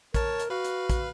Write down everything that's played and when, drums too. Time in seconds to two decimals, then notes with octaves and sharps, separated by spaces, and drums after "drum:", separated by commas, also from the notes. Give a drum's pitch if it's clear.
0.14 A#4 C#5 A5, drum: kick, hi-hat
0.39 drum: hi-hat
0.50 F#4 B4 F5
0.65 drum: hi-hat
0.90 drum: kick, hi-hat